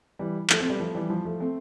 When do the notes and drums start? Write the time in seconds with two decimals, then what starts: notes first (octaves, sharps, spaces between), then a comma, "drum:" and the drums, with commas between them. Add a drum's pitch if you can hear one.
0.19 E3 G3
0.50 F3 A3, drum: clap
0.60 A3 C4
0.69 G3 B3
0.80 F3 A3
0.95 E3 G3
1.10 F3
1.25 F3 A3
1.40 A3 C4